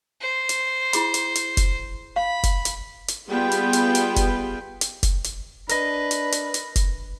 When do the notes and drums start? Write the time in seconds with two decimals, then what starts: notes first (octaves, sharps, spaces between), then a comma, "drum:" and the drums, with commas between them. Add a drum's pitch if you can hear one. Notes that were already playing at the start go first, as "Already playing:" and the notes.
0.21 C5
0.49 drum: hi-hat
0.93 E4 G#4 B5, drum: hi-hat
1.14 drum: hi-hat
1.35 drum: hi-hat
1.57 drum: kick, hi-hat
2.16 F5 B5
2.43 drum: kick, hi-hat
2.65 drum: hi-hat
3.08 drum: hi-hat
3.30 G3 B3 F4 G#4 B4 G5
3.51 drum: hi-hat
3.73 drum: hi-hat
3.95 drum: hi-hat
4.16 drum: kick, hi-hat
4.81 drum: hi-hat
5.03 drum: kick, hi-hat
5.24 drum: hi-hat
5.69 D4 A#4 B4 D#5, drum: hi-hat
6.11 drum: hi-hat
6.32 drum: hi-hat
6.54 drum: hi-hat
6.76 drum: kick, hi-hat